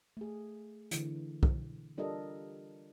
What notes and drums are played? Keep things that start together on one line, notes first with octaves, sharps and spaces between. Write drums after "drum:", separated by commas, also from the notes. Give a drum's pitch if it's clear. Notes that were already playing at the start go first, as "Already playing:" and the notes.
A3 G#4
D3 E3, drum: hi-hat
drum: kick
G3 D4 F4 A4 A#4 D#5